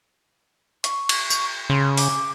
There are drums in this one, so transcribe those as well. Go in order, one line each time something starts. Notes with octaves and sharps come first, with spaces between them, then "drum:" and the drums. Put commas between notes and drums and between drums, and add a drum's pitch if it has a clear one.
C#6, drum: hi-hat
drum: cymbal
drum: tambourine
C#3 C6
D6, drum: open hi-hat